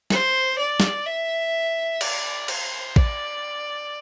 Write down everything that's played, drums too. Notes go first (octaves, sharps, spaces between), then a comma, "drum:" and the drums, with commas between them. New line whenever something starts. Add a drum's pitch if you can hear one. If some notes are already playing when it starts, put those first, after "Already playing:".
C5, drum: snare
D5
drum: snare
E5
D5, drum: cymbal
C5, drum: cymbal
D5, drum: kick A1